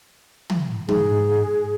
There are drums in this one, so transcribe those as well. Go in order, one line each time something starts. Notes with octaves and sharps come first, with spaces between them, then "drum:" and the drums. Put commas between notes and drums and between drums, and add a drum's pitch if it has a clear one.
drum: tom
G#2 G#4, drum: tom